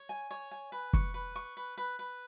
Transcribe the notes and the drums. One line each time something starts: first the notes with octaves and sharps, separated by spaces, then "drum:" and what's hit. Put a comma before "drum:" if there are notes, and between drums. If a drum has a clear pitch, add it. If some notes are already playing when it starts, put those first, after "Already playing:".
Already playing: C#5
G#5
C#5
G#5
B4
C#6, drum: kick
B4
C#6
B4
B4
B4